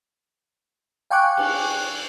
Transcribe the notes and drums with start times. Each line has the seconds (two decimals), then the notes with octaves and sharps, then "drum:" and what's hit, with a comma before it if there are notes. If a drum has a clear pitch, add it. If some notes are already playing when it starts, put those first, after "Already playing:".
1.11 F5 G5 G#5 C#6 D6 F#6
1.37 drum: cymbal